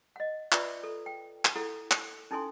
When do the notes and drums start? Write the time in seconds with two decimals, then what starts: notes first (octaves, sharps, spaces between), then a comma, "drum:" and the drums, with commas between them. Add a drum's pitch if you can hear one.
0.16 D#5 F#5
0.52 F4 B4 D5 E5 A#5, drum: clap
0.83 A4
1.06 G5
1.45 drum: clap
1.56 E4 A4 F#5
1.91 drum: clap
2.31 C#4 D#4 E4 A4 G#5 C6